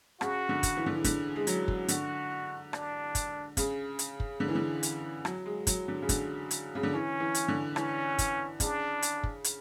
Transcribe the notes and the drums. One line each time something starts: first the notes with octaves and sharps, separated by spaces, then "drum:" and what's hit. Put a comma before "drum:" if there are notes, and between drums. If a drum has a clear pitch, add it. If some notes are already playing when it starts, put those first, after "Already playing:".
C#3 F#4, drum: rim click
D3
drum: kick, hi-hat
E3
D3
E3
D3, drum: kick, hi-hat
G#3
F#3, drum: hi-hat
drum: kick
D3 F#4, drum: hi-hat
D4, drum: rim click
drum: kick, hi-hat
C#3, drum: kick, hi-hat
drum: hi-hat
drum: kick
D3
E3
D3
drum: hi-hat
F#3, drum: rim click
G#3
F#3, drum: kick, hi-hat
D3
C#3
D3, drum: kick, hi-hat
drum: hi-hat
C#3
D3
E3 C#4
E3
drum: hi-hat
D3
E3 C#4, drum: rim click
drum: kick, hi-hat
C#3 D4, drum: kick, hi-hat
drum: hi-hat
drum: kick
drum: hi-hat